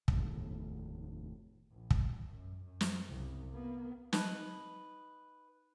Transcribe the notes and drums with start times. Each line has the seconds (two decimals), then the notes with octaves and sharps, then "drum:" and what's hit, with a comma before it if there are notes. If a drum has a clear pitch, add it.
0.08 F1 D#2 A2, drum: kick
1.71 A#1
1.90 drum: kick
2.29 F#2
2.65 F#2
2.81 drum: snare
3.08 C2 C#3
3.50 A#3 B3
4.13 D#4 B4 D#5, drum: snare